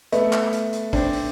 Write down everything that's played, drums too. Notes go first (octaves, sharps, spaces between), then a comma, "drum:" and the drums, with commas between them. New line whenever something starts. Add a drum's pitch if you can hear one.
A3 B3, drum: hi-hat
drum: clap
drum: hi-hat
drum: hi-hat
C4 D4, drum: kick, open hi-hat
drum: open hi-hat